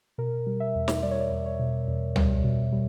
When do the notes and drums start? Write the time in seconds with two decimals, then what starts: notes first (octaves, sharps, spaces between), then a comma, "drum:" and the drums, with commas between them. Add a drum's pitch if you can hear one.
0.18 B2 A#4
0.47 G3
0.60 E5
0.75 E2
0.88 drum: snare
1.03 G3 D5
1.11 C#5
1.20 D5
1.31 E2
1.46 C#5
1.60 B2
1.88 E2
2.16 G3, drum: tom C#2
2.44 B2
2.73 G3